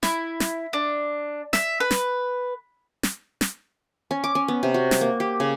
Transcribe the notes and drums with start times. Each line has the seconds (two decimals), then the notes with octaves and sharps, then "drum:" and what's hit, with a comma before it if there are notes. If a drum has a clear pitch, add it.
0.03 E4, drum: snare
0.40 drum: snare
0.73 D4
1.53 E5, drum: snare
1.80 B4
1.91 drum: snare
3.03 drum: snare
3.41 drum: snare
4.11 C#4
4.24 D6
4.35 C#4
4.48 B3
4.63 C3
4.74 F#4
4.91 drum: snare
5.01 A#3
5.20 G4
5.40 C#3